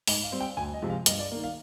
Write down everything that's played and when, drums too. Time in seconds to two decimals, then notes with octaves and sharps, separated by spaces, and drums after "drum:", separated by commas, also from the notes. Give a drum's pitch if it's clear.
0.07 G#2 D#5, drum: open hi-hat
0.24 F5
0.32 G3 C4
0.40 G5
0.57 D2 G#5
0.74 D#5
0.82 C3 F3 G#3
0.90 F5
1.06 G2 D#5, drum: hi-hat
1.19 D5
1.31 D#3 A#3
1.44 F5